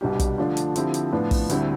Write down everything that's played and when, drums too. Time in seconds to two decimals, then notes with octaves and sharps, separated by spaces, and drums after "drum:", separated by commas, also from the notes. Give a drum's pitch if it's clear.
0.01 C2 B2 G3 D4 G4
0.19 drum: kick, hi-hat
0.38 D3 F3 A3 D4 F4
0.57 drum: hi-hat
0.76 D3 F3 C4 E4 G4, drum: hi-hat
0.94 drum: hi-hat
1.12 A2 F3 B3 D4
1.31 drum: kick, open hi-hat
1.49 D2 D3 G3 C4 E4, drum: hi-hat